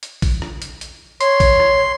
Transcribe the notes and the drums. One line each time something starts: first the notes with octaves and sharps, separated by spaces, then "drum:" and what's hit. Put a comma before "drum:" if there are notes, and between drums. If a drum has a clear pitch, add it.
drum: hi-hat
drum: kick, open hi-hat
drum: rim click
drum: hi-hat
drum: hi-hat
C#5 C6, drum: hi-hat
drum: kick, open hi-hat
drum: rim click